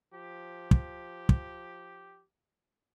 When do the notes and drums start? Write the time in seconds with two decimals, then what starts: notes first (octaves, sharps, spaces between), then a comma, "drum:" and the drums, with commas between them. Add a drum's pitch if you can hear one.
0.13 F3 G4
0.71 drum: kick
1.29 drum: kick